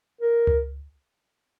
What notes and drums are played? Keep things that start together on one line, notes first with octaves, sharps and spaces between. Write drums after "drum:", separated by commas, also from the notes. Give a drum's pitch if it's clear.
A#4
drum: tom C#2